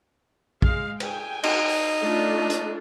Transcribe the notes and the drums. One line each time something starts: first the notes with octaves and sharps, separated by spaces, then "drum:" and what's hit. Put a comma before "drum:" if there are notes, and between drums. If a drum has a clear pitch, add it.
G#3 F5, drum: kick A#1
G5 G#5, drum: cymbal
D#4, drum: cymbal
drum: open hi-hat
A3 D4 F4
drum: hi-hat